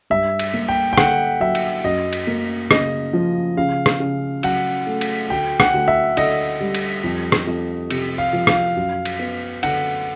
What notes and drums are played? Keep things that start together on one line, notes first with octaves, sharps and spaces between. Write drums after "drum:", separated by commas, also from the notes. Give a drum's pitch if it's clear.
G2 E5
drum: cymbal
A#3
G5
G5
D3 F#5, drum: rim click
F#3 E5
drum: cymbal
F#2 D#5
drum: cymbal
A#3
C#3 D#5, drum: rim click
F3
C#3 F5
drum: rim click
C#3
F#3 F#5, drum: cymbal
A3
drum: cymbal
D2 G5
F#5, drum: rim click
D2
E5
D3 D#5, drum: cymbal
G3
drum: cymbal
F2
drum: rim click
F2
C3, drum: cymbal
F5
F3
F5, drum: rim click
F#2
drum: cymbal
B3
D3 F#5, drum: cymbal